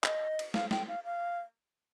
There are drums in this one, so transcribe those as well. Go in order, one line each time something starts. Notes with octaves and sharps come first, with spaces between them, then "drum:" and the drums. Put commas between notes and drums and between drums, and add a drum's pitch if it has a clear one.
D#5, drum: clap
drum: cymbal
F5, drum: snare
G5, drum: snare
F5
F5